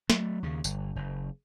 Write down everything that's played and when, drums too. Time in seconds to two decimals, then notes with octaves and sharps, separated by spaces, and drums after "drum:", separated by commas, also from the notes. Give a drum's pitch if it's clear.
0.10 F#3 A3, drum: snare
0.43 D#2 C#3
0.64 G1, drum: tambourine
0.96 F#1